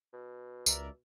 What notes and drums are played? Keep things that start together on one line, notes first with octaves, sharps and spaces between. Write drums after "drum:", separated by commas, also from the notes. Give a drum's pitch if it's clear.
B2
C#2 A#4 D5 E5, drum: tambourine